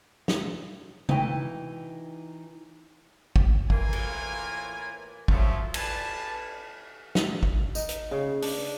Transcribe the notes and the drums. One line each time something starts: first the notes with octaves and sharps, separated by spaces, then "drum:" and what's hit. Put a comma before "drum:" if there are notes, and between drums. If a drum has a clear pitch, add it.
drum: snare
E3 D#4 E4 F#4 G5, drum: tom C3
drum: kick
A2 E3 A#3 F4 A#4 G#5, drum: kick
drum: cymbal
F3 F#3 A3 C#4 E4 F4, drum: kick
B4 D5 G#5 A5, drum: cymbal
drum: snare
drum: kick
D#4, drum: tambourine
drum: hi-hat
C#3
D4, drum: open hi-hat